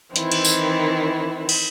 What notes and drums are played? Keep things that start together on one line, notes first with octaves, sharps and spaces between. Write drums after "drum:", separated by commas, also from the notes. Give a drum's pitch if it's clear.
D#3 E3 C4 E4, drum: hi-hat
drum: cymbal
drum: tambourine
drum: cymbal